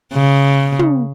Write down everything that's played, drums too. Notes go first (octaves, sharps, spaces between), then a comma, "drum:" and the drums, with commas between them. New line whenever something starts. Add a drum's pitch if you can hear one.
C#3
drum: tom